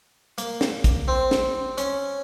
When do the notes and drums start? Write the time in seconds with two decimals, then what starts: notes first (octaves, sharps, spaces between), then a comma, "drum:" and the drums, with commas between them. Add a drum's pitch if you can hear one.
0.38 A#3, drum: hi-hat
0.61 drum: snare
0.84 drum: kick, hi-hat
1.08 C4
1.31 drum: snare
1.78 C#4, drum: hi-hat